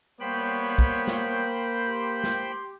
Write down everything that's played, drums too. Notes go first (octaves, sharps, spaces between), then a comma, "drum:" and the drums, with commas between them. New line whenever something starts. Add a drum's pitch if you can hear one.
G3 A#3 B3 C5 C#5 G5 B5
drum: kick
drum: snare
G4 C6
drum: snare